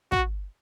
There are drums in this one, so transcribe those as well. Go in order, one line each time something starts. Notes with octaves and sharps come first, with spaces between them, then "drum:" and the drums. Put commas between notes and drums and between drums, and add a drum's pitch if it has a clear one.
F#4, drum: kick